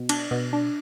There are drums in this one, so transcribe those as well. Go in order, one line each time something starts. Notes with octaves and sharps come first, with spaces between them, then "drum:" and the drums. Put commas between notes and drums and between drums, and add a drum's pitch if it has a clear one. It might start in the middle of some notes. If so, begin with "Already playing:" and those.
Already playing: B2
D4, drum: cymbal
B2
D4